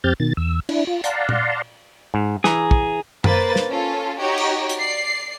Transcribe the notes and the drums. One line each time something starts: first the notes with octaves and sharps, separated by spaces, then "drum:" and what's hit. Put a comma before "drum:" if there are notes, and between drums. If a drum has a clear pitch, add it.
F2 C4 G4 F6 G6 A6
B2 D#3 A6
E2 E6
D4 E4, drum: cymbal
F4
D5 F5 F#5 A5 A#5 C6, drum: hi-hat
drum: tom A#2
G#2
E3 G#4 A#5, drum: snare
drum: kick
A#3 B4 C5 A6, drum: tom F#2
drum: snare
C#4 F4 A4
D#4 F#4 G4 C#5
drum: cymbal
drum: hi-hat
D5 C7